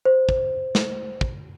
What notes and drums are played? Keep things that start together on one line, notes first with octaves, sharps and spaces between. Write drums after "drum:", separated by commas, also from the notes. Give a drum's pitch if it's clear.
C5
drum: kick
drum: snare
drum: kick